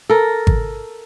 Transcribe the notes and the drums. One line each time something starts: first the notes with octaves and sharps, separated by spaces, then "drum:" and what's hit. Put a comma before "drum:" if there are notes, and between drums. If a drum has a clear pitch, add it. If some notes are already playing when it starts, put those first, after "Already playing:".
A4 A#4
drum: kick G#1